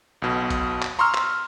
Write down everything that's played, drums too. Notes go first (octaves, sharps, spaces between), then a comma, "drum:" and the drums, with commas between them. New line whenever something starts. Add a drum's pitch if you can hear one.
B1 B2
drum: kick G#1, hi-hat
drum: clap
A#5 C6 C#6 E6 F6
drum: clap